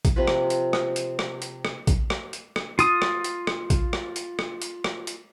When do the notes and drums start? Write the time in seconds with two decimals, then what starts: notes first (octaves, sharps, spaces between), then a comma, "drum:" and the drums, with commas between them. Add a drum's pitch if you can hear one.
0.05 drum: kick A#1, hi-hat
0.16 C3 F3 F4 B4
0.27 drum: rim click
0.50 drum: hi-hat
0.73 drum: rim click
0.96 drum: hi-hat
1.19 drum: rim click
1.42 drum: hi-hat
1.65 drum: rim click
1.87 drum: kick A#1, hi-hat
2.10 drum: rim click
2.33 drum: hi-hat
2.56 drum: rim click
2.79 F4 D#6, drum: hi-hat
3.02 drum: rim click
3.24 drum: hi-hat
3.47 drum: rim click
3.70 drum: kick A#1, hi-hat
3.93 drum: rim click
4.16 drum: hi-hat
4.39 drum: rim click
4.62 drum: hi-hat
4.84 drum: rim click
5.07 drum: hi-hat